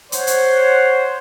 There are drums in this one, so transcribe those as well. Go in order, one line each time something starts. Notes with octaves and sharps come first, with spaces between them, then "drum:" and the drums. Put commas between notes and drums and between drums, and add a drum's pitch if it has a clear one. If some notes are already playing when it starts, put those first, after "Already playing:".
C5 C#5 F#5, drum: hi-hat
drum: hi-hat